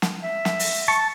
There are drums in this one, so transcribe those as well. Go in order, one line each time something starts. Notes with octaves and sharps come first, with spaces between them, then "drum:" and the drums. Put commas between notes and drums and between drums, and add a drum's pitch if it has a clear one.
drum: snare
E5
drum: snare
drum: open hi-hat
A5 C#6